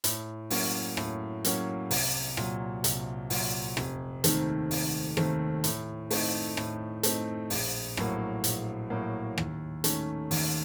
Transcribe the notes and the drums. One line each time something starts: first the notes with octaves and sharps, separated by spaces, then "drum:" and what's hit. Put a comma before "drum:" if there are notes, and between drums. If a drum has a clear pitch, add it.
A2, drum: hi-hat
F#3 A#3 C#4, drum: open hi-hat
A2, drum: rim click
F#3 A#3 C#4, drum: hi-hat
C2, drum: open hi-hat
A#2 F#3, drum: rim click
C2, drum: hi-hat
A#2 F#3, drum: open hi-hat
F1, drum: rim click
D#2 D#3 A3 C4, drum: hi-hat
F1, drum: open hi-hat
D#2 D#3 A3 C4, drum: rim click
A2, drum: hi-hat
A3 C4 D#4, drum: open hi-hat
A2, drum: rim click
A3 C4 D#4, drum: hi-hat
A#1, drum: open hi-hat
A2 F#3 A#3, drum: rim click
A#1, drum: hi-hat
A2 F#3 A#3
D#2, drum: rim click
D#3 A3 C#4, drum: hi-hat
D#2, drum: open hi-hat